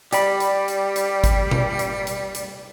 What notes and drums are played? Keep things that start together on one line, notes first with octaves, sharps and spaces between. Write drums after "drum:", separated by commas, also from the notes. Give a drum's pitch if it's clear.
G3 G4 D5 B5, drum: hi-hat
drum: hi-hat
drum: hi-hat
drum: hi-hat
drum: kick G#1, hi-hat
drum: tom B2
drum: hi-hat
drum: hi-hat
drum: hi-hat